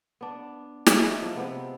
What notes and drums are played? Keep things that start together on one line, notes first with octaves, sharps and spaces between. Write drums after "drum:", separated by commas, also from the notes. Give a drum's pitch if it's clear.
B3 D4
E3 F#3 G#3 C#4, drum: snare
E4
F3
C3 B3 C4